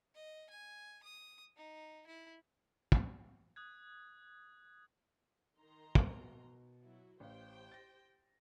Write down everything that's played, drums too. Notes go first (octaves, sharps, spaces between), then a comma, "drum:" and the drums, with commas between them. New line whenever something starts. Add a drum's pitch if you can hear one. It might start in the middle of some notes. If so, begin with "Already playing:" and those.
D#5
G#5
D#6
D#4
E4
drum: kick
D#6 F#6 G#6
D#3 A#5 C6
drum: kick
B2
F#3 E4 F#4
A1 G4 C5 C#5 F5 G5
A6 A#6